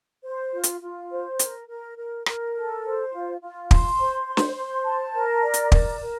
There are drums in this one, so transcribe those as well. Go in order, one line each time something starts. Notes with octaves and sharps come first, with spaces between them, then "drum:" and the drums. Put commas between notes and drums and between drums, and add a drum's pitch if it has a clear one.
C5
F4
drum: hi-hat
F4
C5
A#4, drum: hi-hat
A#4
A#4
A#4, drum: rim click
A4
C5
F4
F4
C6, drum: kick
C5
C6
drum: snare
C5
A5
A#4
D5
drum: hi-hat
A#4, drum: kick
A#4